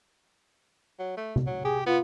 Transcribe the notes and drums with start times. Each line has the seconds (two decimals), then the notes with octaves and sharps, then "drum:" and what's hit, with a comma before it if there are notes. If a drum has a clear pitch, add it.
0.99 F#3
1.17 A3
1.36 drum: tom C3
1.46 F#3
1.65 G4 G#4
1.86 B3 F4